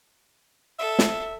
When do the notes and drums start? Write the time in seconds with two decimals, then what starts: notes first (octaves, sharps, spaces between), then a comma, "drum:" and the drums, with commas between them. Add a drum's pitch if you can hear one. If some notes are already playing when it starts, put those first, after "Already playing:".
0.79 A4 E5
0.99 drum: snare